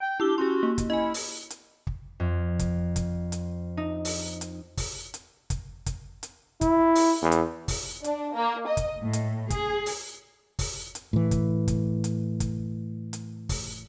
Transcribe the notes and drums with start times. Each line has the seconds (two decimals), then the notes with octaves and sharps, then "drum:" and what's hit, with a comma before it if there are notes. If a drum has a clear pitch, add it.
0.01 G5
0.20 D4 E4 G4 E6 G7
0.38 C#4 F#4 G4 C6
0.63 A#3
0.78 drum: kick, hi-hat
0.90 C#4 E4 D#5 G#5
1.14 drum: open hi-hat
1.50 drum: hi-hat
1.87 drum: kick
2.20 F2
2.59 drum: kick, hi-hat
2.96 drum: kick, hi-hat
3.32 drum: hi-hat
3.77 D#4
4.05 drum: open hi-hat
4.41 drum: hi-hat
4.77 drum: kick, open hi-hat
5.14 drum: hi-hat
5.50 drum: kick, hi-hat
5.86 drum: kick, hi-hat
6.23 drum: hi-hat
6.61 E4, drum: kick, hi-hat
6.95 drum: open hi-hat
7.22 E2
7.32 drum: hi-hat
7.68 drum: kick, open hi-hat
8.04 D4, drum: hi-hat
8.34 A#3
8.68 D#5
8.77 drum: kick, hi-hat
9.00 A2
9.13 drum: hi-hat
9.50 G#4, drum: kick, hi-hat
9.86 drum: open hi-hat
10.59 drum: kick, open hi-hat
10.95 drum: hi-hat
11.13 A2 E3
11.31 drum: kick, hi-hat
11.68 drum: kick, hi-hat
12.04 drum: hi-hat
12.40 drum: kick, hi-hat
13.13 drum: hi-hat
13.49 drum: kick, open hi-hat